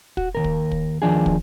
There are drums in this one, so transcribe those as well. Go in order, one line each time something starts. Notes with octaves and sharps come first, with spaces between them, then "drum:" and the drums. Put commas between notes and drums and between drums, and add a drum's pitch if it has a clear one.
F#4, drum: kick
D#2 A#2 A#4
drum: kick
drum: kick
D#2 F3 D4 G#4
drum: kick